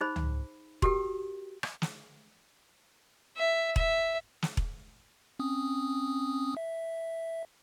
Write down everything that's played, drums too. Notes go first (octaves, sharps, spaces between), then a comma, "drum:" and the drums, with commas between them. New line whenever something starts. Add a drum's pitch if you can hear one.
D#4 G#4 C5 B5
drum: tom C#2
F#4 G4 A4 A#4 G5, drum: kick E1
drum: rim click
drum: snare
E5
E5, drum: kick E1
drum: snare
drum: kick E1
C4 C#4 D#6
E5